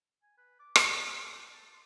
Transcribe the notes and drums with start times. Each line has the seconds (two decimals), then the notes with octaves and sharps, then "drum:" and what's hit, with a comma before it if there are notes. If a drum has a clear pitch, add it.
0.23 G#5
0.38 B4
0.60 D6
0.76 C#5, drum: rim click
0.90 A5
1.06 E4
1.21 D6
1.35 D#4
1.52 A5
1.72 C6